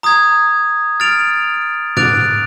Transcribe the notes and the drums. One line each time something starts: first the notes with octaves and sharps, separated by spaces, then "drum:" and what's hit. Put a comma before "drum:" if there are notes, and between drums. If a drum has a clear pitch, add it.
A#5 D#6 G#6
F6 A6 D7 F7
D6 F#6 A6 D7 F7, drum: tom